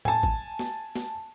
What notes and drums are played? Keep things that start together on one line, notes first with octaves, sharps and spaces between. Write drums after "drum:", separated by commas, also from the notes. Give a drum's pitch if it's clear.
G#5 A5, drum: tom A2
drum: kick G#1
drum: snare
drum: snare